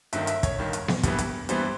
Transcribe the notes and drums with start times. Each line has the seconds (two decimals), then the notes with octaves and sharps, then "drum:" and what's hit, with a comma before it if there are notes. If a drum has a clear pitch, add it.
0.13 G1 G2 D#3 E5, drum: hi-hat
0.27 E5, drum: hi-hat
0.43 C#5, drum: kick, hi-hat
0.58 G1 G2 D#3
0.73 drum: hi-hat
0.88 drum: snare B3
1.03 G2 E3 G3 B3, drum: kick, hi-hat
1.18 drum: hi-hat
1.49 G2 E3 G3 B3 C5, drum: hi-hat